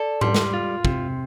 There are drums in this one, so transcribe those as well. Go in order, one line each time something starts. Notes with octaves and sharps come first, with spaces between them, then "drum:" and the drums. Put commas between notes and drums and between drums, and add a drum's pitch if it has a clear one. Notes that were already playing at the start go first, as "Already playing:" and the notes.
Already playing: A4 D5
G3 C6, drum: tom G#2
drum: snare
F4
C3, drum: kick